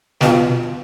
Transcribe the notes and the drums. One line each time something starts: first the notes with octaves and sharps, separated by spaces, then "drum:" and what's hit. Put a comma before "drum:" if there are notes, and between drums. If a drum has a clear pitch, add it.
D2 B2 B3 D4 F4 G4, drum: snare